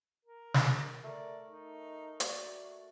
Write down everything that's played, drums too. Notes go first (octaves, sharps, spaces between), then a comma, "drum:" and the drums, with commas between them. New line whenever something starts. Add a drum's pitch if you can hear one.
A#4
drum: snare
A3 A#4 D5
D#4
F#4 D5, drum: hi-hat